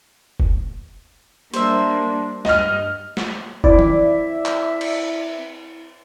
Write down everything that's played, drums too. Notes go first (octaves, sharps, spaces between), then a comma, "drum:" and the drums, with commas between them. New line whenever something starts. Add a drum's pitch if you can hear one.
drum: kick F1
G3 A#3 D4 C5 E5, drum: hi-hat
G2 D#5 F6, drum: snare
drum: snare
C4 E4 D5 E5 D6, drum: kick F1
drum: tom D#3
drum: clap
drum: cymbal